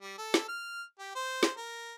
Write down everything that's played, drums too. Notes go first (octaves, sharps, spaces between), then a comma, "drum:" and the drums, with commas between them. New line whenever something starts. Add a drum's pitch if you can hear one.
G3
A4
drum: snare
F6
G4
C5
drum: snare
A#4